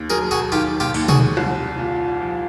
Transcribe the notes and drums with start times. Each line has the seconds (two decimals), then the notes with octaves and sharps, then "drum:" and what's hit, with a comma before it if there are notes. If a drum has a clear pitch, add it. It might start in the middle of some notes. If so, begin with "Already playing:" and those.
Already playing: D#2
0.10 F#3 G#4 A#4
0.31 F#4 G#4
0.52 D#3 F4 G4
0.80 F4 G4
0.94 D#2, drum: open hi-hat
1.08 F#4 G#4, drum: tom
1.37 C2
1.78 A#2
2.21 F3